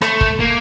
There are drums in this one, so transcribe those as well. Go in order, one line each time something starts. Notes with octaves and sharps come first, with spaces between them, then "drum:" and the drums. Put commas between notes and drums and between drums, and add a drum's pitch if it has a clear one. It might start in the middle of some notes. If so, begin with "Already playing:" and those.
A3, drum: rim click
drum: kick
A#3